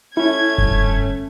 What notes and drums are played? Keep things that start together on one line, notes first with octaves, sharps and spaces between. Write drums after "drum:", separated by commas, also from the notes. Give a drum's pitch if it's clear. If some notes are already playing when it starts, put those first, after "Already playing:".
A3 C#4 E4 G#6
G1, drum: kick F1